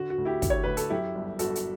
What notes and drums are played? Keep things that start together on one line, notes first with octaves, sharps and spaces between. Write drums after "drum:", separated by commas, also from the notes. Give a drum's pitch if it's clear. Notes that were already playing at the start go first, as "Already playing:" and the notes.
Already playing: D3 F#4
F#4
D2
E4 G4
D3, drum: kick, hi-hat
C#5
D2 B4
A4, drum: hi-hat
F#2 E4 G4
G1
G1 F#4 A4, drum: hi-hat
drum: hi-hat